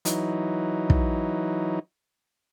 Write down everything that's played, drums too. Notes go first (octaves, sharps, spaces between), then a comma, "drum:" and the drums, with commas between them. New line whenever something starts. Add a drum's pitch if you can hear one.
E3 F#3 D#4, drum: hi-hat
drum: kick